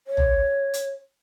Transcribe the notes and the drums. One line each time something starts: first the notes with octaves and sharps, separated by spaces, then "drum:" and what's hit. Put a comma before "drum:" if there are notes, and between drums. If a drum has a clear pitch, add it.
C#5
drum: tom
drum: hi-hat